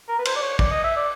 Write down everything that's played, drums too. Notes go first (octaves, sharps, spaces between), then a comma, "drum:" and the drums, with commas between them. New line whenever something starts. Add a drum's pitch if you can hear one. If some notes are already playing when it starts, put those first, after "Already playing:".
A#4
B4
C5, drum: cymbal
D5
C#5
D5, drum: kick
D#5
E5
D5